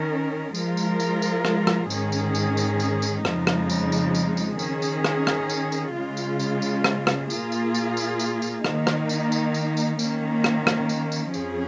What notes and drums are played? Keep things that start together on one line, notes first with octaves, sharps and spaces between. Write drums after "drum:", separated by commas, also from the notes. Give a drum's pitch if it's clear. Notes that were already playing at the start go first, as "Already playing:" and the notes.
Already playing: D#3 C#4 A#4
F3 G#3 F4 A#4, drum: tambourine
drum: tambourine
drum: tambourine
drum: tambourine
drum: rim click
drum: rim click
G#2 D#3 C#4 G#4, drum: tambourine
drum: tambourine
drum: tambourine
drum: tambourine
drum: tambourine
drum: tambourine
F2 C#3 F3 G#3 D#4, drum: rim click
drum: rim click
drum: tambourine
drum: tambourine
drum: tambourine
drum: tambourine
D#3 C#4 G#4, drum: tambourine
drum: tambourine
drum: rim click
drum: rim click
drum: tambourine
drum: tambourine
C#3 G#3 F4
drum: tambourine
drum: tambourine
drum: tambourine
drum: rim click
drum: rim click
A#2 A#3 F4 G#4, drum: tambourine
drum: tambourine
drum: tambourine
drum: tambourine
drum: tambourine
drum: tambourine
D#3 A#3 D#4, drum: rim click
drum: rim click
drum: tambourine
drum: tambourine
drum: tambourine
drum: tambourine
D#3 A#3 C#4, drum: tambourine
drum: rim click
drum: rim click
drum: tambourine
drum: tambourine
F2 F3 C#4 G#4, drum: tambourine